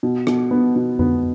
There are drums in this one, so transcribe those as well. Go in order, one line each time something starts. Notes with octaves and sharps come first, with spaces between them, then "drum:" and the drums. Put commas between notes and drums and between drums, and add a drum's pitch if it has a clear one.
B2
B2, drum: rim click
B3
B2
B3, drum: tom F2